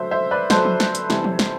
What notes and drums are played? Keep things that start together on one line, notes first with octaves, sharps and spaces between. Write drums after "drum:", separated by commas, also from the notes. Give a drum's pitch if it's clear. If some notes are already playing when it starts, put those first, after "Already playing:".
Already playing: D3 F#3 A3 C5 E5
C5 E5
B4 D5
D3 F#3 A3 A4 C5, drum: snare
drum: tom F3
drum: snare
drum: hi-hat
C3 E3 G3, drum: snare
drum: tom F3
drum: snare